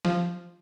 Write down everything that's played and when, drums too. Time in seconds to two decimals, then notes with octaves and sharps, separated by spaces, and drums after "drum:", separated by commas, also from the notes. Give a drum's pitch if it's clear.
0.05 F3, drum: snare